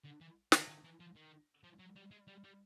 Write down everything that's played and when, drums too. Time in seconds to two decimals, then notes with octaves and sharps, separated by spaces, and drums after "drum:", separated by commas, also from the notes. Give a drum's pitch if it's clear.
0.04 D3
0.21 E3
0.52 D#3, drum: snare
0.68 D#3
0.84 E3
1.00 F3
1.16 D#3
1.64 F3
1.79 F#3
1.96 G3
2.11 G#3
2.27 G3
2.44 G3